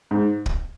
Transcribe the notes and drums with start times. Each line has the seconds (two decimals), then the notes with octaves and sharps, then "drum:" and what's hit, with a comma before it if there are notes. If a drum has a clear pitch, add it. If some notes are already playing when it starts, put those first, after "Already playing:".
0.11 G#2
0.46 drum: kick